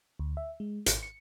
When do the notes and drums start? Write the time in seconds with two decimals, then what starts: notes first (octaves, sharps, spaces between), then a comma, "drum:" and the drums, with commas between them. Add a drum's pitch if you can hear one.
0.19 D2
0.37 E5
0.60 G#3
0.86 G#1, drum: hi-hat
1.03 C#7